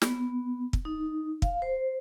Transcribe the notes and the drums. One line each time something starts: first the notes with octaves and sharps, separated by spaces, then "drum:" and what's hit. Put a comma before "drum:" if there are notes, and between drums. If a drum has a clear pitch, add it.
B3, drum: snare
drum: kick
D#4
F5, drum: kick
C5